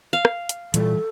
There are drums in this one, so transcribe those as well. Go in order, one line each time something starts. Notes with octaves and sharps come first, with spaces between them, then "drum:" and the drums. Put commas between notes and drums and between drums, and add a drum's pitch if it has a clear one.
F5
drum: rim click
drum: hi-hat
A#2 E3 G3 A4, drum: hi-hat